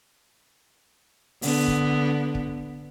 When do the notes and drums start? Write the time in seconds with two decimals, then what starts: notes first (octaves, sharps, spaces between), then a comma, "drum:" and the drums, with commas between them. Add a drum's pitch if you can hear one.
1.42 D3 B3, drum: open hi-hat
1.68 drum: kick
2.35 drum: kick